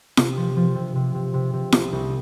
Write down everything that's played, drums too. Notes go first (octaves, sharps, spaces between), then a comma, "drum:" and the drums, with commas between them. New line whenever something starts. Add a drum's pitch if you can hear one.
C3, drum: snare
F3
F3
C3
C3
C3
C3
C3
C2, drum: snare
C2